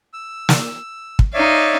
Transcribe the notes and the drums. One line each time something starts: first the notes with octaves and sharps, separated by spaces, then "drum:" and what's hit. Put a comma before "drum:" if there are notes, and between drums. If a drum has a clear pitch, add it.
E6
drum: snare
drum: kick
D#4 C#5 D5 E5 F5